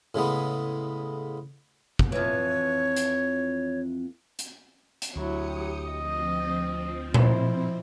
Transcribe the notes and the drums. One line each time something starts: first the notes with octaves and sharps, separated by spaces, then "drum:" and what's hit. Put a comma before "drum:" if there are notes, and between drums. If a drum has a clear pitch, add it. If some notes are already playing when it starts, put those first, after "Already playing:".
A2 C#3 G#3 B3
drum: kick
F2 E3 C#5
drum: hi-hat
drum: hi-hat
drum: hi-hat
D2 F#3 E4 G4 D#6 C#7
F3 C4 D#5
E4 C5, drum: tom A#2